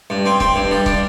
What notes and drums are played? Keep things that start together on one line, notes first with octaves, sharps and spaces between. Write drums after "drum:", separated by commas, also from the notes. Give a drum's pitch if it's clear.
G2
C4
C4, drum: kick
G2
G3
D4, drum: kick